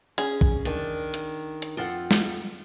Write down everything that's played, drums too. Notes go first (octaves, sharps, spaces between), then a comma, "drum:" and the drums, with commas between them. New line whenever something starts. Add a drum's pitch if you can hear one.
C#4 G#4, drum: hi-hat
drum: kick A#1
D#3 D4, drum: hi-hat
drum: hi-hat
drum: hi-hat
F2 F4 A4 F#5 G5
drum: snare